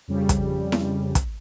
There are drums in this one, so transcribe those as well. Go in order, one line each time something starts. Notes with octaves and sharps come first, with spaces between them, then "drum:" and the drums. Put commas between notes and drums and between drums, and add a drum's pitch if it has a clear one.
F2 C#3 G3
drum: kick, hi-hat
drum: snare E4
drum: kick, hi-hat